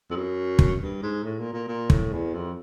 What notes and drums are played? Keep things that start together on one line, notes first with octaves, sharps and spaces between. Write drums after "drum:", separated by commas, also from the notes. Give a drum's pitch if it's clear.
F2
F#2
drum: kick
G2
G#2
A2
A#2
A#2
A#2
A2, drum: kick
E2
F2